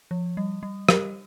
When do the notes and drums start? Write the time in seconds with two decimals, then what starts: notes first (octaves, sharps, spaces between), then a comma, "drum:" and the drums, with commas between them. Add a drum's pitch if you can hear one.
0.11 F3
0.37 G3
0.63 G3
0.89 G3 G4 A#4, drum: rim click